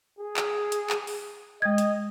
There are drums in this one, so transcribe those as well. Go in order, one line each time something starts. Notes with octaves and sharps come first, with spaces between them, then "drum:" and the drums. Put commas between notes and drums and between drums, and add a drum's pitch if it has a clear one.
G#4
drum: clap
drum: hi-hat
drum: clap
drum: open hi-hat
G#3 D#5 G#6
drum: hi-hat